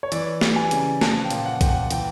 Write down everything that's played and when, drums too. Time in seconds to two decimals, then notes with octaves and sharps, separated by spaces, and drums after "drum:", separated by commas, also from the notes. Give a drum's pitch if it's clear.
0.03 C#5
0.12 E3 D5, drum: hi-hat
0.41 G3, drum: snare
0.56 G#5
0.71 C#3, drum: hi-hat
1.01 F3 A5, drum: snare
1.24 G5
1.30 A#2, drum: hi-hat
1.46 F#5
1.61 A#2 G5, drum: kick A#1, hi-hat
1.69 F#5
1.91 E3 G5, drum: hi-hat